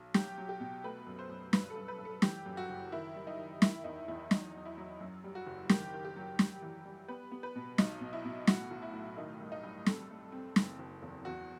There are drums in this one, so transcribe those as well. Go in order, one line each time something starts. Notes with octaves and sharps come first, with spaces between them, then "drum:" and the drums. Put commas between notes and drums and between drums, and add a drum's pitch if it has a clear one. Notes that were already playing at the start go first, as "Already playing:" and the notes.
Already playing: B1
F#3 G4, drum: snare
F#3
G4
B2
A3 B4
F#2
C5
F#2
G2 B4, drum: snare
A4
G2
B4
G2
A4
E3 G4, drum: snare
F#2
F#4
F#1
D#3 E4
G3
D#4
D#3
D#3 E4, drum: snare
E2 D#4
E2 E4
F#3 D#4, drum: snare
F#3
E4
F#3
F#2
G3
F#4
F#1
D#3 G4, drum: snare
D#3
G4
F#3
G3, drum: snare
E3
G3
B3 B4
B3
B4
B2
B1 D#4, drum: snare
B2
E4
B2
A2 F#4, drum: snare
B1
E4
A2
D#3 D#4
G2
D#4
G2
C4 A4, drum: snare
A3
C4
F#1, drum: snare
F#1
E2
E2 F#4